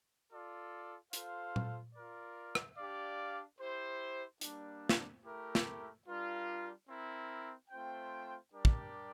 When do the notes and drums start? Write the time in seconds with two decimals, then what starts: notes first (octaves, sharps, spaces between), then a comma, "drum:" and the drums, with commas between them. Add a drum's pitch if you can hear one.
0.31 F4 A4 D5
1.13 F4 A4 C5 F5, drum: hi-hat
1.56 drum: tom A#2
1.95 F4 A#4 D5
2.55 drum: rim click
2.78 D4 G4 D5 F5
3.60 E4 G4 C5
4.41 G3 A#3 D4, drum: hi-hat
4.89 drum: snare
5.24 A3 E4 G4 A#4
5.55 drum: snare
6.06 G3 D4 F4 A#4
6.88 C4 E4 A#4
7.70 A3 C4 F4 C5 G5
8.52 G3 D4 G4 A#4 D5
8.65 drum: kick